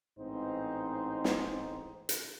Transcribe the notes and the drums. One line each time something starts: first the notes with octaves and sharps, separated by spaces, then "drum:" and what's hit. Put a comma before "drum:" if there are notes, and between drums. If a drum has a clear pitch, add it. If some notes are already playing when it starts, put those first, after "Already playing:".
A1 G#2 C4 D#4 C5
drum: snare
drum: hi-hat